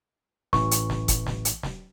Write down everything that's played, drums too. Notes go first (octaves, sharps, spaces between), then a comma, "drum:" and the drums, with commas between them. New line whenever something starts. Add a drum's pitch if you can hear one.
A1 E3 C#6, drum: snare
drum: hi-hat
drum: snare
drum: kick F#1, hi-hat
drum: snare
drum: hi-hat
drum: snare